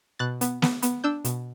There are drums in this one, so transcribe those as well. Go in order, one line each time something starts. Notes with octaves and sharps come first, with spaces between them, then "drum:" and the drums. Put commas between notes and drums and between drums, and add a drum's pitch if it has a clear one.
B2 F#6 A6
B3, drum: hi-hat
B3, drum: snare
B3, drum: hi-hat
D4 E6 G6
B2, drum: hi-hat